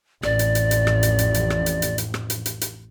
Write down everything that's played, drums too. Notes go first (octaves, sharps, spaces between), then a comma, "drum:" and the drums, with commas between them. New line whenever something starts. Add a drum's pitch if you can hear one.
A1 F2 D5, drum: rim click
drum: hi-hat
drum: hi-hat
drum: hi-hat
drum: rim click
drum: hi-hat
drum: hi-hat
drum: hi-hat
drum: rim click
drum: hi-hat
drum: hi-hat
drum: hi-hat
drum: rim click
drum: hi-hat
drum: hi-hat
drum: hi-hat